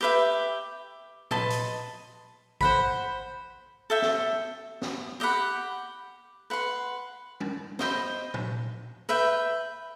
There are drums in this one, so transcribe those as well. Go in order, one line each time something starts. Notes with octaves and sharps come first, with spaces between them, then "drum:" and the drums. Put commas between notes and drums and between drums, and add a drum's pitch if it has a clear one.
G4 B4 E5 G5
B4 D#5 A5 C6, drum: tom A#2
drum: hi-hat
C5 F#5 B5, drum: kick A1
A4 E5 G5
drum: snare
drum: snare
G4 D#5 F#5 B5
B4 F#5 C6
drum: tom G3
C5 D#5 G5 B5, drum: snare
drum: tom A#2
B4 E5 G5